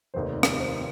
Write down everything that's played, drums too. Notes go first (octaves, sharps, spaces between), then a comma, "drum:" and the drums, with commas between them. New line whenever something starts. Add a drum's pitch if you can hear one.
F1 D#2 D#3 C5
drum: rim click
C5